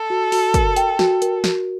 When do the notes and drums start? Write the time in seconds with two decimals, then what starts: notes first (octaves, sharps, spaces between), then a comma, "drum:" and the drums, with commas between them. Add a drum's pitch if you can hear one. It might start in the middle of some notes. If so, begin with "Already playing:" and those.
Already playing: A4
0.10 F#4
0.32 F#4, drum: open hi-hat
0.54 A#4, drum: kick, hi-hat
0.76 G5, drum: hi-hat
0.99 F#4, drum: snare
1.22 A#4, drum: hi-hat
1.44 F#4, drum: snare